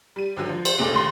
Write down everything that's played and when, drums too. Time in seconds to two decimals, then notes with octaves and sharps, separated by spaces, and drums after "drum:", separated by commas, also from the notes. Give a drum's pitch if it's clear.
0.16 G3 D#7
0.37 G#1 D3 F#3
0.49 F3
0.65 C5, drum: cymbal
0.78 F1 A#1 A#2 G#3 A4 D6
0.94 D#2 C6